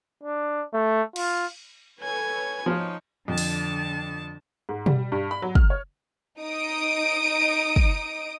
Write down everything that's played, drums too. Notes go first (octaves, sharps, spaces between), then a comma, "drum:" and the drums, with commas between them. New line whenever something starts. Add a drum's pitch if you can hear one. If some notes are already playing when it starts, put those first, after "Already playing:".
D4
A3
F4, drum: cymbal
A4 B4 C#5 G#5 G#6
F3 D#4 F4 C#5
F2 D3 A5
drum: open hi-hat
G#2
G3, drum: tom B2
G2
B5
F#3
F6, drum: kick
C#5
D#4 D#6 D7
drum: kick